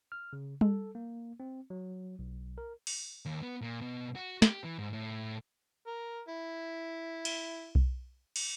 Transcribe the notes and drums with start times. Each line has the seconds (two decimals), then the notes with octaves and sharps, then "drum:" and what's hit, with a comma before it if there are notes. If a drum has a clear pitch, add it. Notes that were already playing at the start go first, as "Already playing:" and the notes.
0.12 F6
0.33 C#3
0.61 A4, drum: tom G3
0.95 A#3
1.40 C4
1.70 F#3
2.19 B1
2.58 A#4
2.87 drum: open hi-hat
3.26 D#2
3.42 B3
3.61 A#2
3.81 B2
4.15 F#4
4.42 G4, drum: snare
4.64 E3
4.78 G#2
4.93 A2
5.87 A#4
6.28 E4
7.25 drum: cymbal
7.75 drum: kick B1
8.36 drum: cymbal